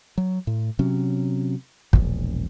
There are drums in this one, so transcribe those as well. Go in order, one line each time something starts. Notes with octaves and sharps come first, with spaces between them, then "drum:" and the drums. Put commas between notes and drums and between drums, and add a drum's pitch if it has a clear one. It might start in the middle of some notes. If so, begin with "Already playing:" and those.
F#3
A2
C3 F#3 C#4
E1 A#1, drum: kick